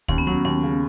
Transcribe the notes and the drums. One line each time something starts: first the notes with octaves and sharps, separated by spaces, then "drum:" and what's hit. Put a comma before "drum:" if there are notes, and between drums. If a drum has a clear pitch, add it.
D#2 C#4, drum: kick
B3
F#3 C#4
D#2 C#4
C#3